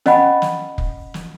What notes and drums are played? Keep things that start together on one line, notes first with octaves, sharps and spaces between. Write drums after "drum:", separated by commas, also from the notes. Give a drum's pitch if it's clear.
C#4 D#5 F#5 B5, drum: snare
drum: snare
drum: kick
drum: snare